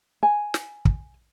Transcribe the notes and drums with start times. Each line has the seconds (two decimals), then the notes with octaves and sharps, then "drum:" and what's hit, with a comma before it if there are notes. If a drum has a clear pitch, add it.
0.23 G#5
0.54 drum: snare
0.85 drum: kick